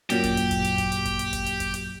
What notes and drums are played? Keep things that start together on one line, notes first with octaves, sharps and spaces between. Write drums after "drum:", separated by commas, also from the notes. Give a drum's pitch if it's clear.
F#2 A#2 F#3 G4, drum: hi-hat
drum: kick G1, hi-hat
drum: hi-hat
drum: kick G1, hi-hat
drum: hi-hat
drum: kick G1, hi-hat
drum: hi-hat
drum: kick G1, hi-hat
drum: hi-hat
drum: kick G1, hi-hat
drum: hi-hat
drum: kick G1, hi-hat
drum: hi-hat